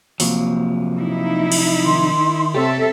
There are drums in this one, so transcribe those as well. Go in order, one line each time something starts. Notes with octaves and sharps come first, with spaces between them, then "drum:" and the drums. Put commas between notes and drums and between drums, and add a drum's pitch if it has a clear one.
C3 F3 F#3 A#3, drum: open hi-hat
D#4 E4
drum: cymbal
D#3 C6
C3 C4 G4 A4 C#5 E5